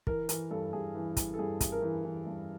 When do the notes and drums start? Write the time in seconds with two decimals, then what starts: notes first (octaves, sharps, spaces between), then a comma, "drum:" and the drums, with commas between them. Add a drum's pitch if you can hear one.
0.07 E3 A#4, drum: kick
0.29 E3 A#4, drum: hi-hat
0.51 G2 A4
0.73 G2 G#4
0.95 E3
1.17 E3, drum: kick, hi-hat
1.34 A4
1.39 G2 G#4
1.61 G2, drum: kick, hi-hat
1.72 A#4
1.82 E3
2.05 E3
2.26 G2